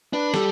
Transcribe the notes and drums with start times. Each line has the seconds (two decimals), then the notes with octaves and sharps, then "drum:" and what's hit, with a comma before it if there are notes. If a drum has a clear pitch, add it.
0.13 D4 B4
0.34 G3 A4, drum: snare